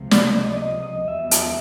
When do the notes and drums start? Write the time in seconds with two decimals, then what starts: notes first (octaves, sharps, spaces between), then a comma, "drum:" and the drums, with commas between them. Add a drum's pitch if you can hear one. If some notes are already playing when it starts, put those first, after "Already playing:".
Already playing: C#2 C3 F3
0.11 D5, drum: snare
0.31 D#5
0.49 D5
0.57 D#5
0.82 D#5
1.08 E2 B2 G3 B3 E5
1.31 drum: hi-hat